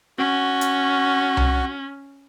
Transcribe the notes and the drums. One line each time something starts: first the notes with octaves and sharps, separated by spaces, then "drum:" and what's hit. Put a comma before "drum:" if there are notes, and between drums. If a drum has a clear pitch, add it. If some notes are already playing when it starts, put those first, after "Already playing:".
C#4 F#4
drum: hi-hat
drum: tom C2